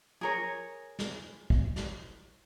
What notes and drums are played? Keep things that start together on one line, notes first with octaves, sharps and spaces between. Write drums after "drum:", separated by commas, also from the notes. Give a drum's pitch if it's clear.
G#4 A#4 C#5
drum: snare
drum: kick
drum: snare